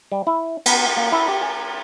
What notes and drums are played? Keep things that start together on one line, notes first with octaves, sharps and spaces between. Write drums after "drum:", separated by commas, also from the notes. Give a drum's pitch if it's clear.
G3
E4
B3, drum: cymbal
A#3
E4
G4
G#5